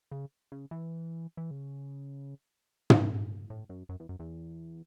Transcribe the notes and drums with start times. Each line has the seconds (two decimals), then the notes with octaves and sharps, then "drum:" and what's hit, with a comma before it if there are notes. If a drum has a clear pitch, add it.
0.11 C#3
0.52 C#3
0.71 E3
1.37 E3
1.51 C#3
2.90 drum: tom
3.50 A2
3.69 F#2
3.89 F#2
4.00 E2
4.09 F#2
4.19 E2